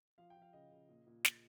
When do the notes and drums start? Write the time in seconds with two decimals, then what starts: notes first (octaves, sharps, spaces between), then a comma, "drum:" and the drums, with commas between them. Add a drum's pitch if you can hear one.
0.18 F3 F5
0.30 G5
0.37 F3
0.42 F5
0.53 C#3 D#5
0.71 C#3
0.89 A#2
1.07 A#2
1.25 A#2, drum: snare